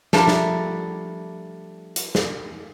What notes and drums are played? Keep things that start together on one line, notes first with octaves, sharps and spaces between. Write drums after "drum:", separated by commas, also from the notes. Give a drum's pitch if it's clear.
F3 G3 A3 D4 A#4 A5, drum: snare
drum: snare
drum: hi-hat
drum: snare